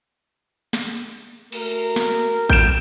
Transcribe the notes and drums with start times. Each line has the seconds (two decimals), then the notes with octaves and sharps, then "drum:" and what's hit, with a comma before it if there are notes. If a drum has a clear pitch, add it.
0.73 drum: snare
1.52 A3 F#4 A#4, drum: cymbal
1.96 drum: snare
2.50 G6 D7 E7, drum: kick A1